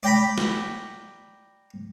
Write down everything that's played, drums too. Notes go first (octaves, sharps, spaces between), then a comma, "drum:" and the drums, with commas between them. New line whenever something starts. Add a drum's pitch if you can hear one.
D5 G5 A#5 B5
drum: snare